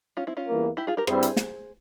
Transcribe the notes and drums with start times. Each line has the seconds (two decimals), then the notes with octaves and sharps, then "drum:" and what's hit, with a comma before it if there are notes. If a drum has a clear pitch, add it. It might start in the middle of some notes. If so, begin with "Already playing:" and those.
0.17 C#4 F4
0.27 C4 E4
0.37 C#4 F4
0.47 E2 E3 G3 A#3
0.77 E4 G4
0.87 F4 G#4
0.97 G4 A#4
1.07 G2 G3 C4 E4 G#4 C5, drum: rim click
1.23 drum: hi-hat
1.36 drum: snare